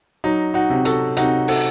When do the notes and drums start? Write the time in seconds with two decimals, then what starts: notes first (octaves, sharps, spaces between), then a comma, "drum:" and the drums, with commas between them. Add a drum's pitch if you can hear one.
0.24 F#3 D#4
0.54 D#4 F#4
0.70 C3
0.85 F#4 A4, drum: hi-hat
1.17 C3 D#4 F#4, drum: hi-hat
1.48 F#4 A4, drum: open hi-hat